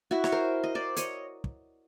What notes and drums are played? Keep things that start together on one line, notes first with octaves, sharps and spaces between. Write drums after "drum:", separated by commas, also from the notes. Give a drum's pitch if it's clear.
E4 F#4
C#5, drum: snare
A#4 C5
D#5
C5 D5
C#5 D#5, drum: hi-hat
drum: kick